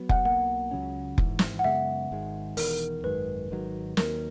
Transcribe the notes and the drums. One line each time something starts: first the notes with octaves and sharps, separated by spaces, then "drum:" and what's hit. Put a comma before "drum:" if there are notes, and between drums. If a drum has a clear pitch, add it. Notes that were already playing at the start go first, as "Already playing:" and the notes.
Already playing: F#3 B3
F#5, drum: kick F1
B1 B2 A#3 F#5
C#2 C#3 F#3 C#4
G#1 G#2 E3, drum: kick F1
drum: snare
F#5
F#2 C#3 G#3 B3 E5
G#1 G#2 D#3 G#3
E1 E2 D#3 A#4, drum: open hi-hat
G#1 F#2 D#3 G#3 B4
G#1 G#2 D#3 F#3
D#2 D#3 F#3 A#3 A#4, drum: snare